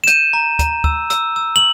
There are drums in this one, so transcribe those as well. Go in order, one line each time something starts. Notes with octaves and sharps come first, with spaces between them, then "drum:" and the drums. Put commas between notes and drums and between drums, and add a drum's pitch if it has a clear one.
E7
G6 D#7, drum: hi-hat
A#5
A#5, drum: kick, hi-hat
E6, drum: kick
E6, drum: hi-hat
E6
F#7